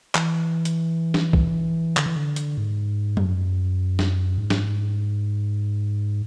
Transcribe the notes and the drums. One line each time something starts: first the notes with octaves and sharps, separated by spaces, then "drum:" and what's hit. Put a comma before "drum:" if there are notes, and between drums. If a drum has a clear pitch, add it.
E3, drum: clap
drum: hi-hat
drum: snare
drum: kick B1
D3, drum: clap
E3
D3
drum: hi-hat
G#2
F#2, drum: tom F#3
drum: snare
G#2
drum: snare